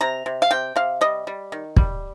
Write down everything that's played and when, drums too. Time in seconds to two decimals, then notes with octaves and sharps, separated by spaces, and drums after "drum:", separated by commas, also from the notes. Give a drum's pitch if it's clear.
0.01 C3 A#5
0.26 C3
0.42 F5
0.51 C3 G5
0.76 C3 F5
1.01 G3 D#5
1.27 G3
1.52 D#3
1.76 G3, drum: kick